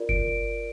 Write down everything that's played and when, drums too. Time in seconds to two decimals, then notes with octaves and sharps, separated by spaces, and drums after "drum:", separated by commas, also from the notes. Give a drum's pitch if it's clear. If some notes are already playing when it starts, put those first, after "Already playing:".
Already playing: F4 A#4 D5
0.09 D7, drum: kick G1